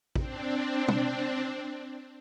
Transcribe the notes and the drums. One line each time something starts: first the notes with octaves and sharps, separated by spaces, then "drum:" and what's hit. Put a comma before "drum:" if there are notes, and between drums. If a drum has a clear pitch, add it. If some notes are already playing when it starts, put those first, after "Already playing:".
C4 D4, drum: kick
drum: tom